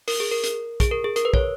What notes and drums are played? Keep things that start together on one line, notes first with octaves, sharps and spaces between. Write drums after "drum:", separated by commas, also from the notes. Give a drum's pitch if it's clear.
A#4, drum: open hi-hat
G#4
A#4
A#4, drum: hi-hat
G#4, drum: kick, hi-hat
A#4
G#4
A#4, drum: hi-hat
B4
C#5, drum: kick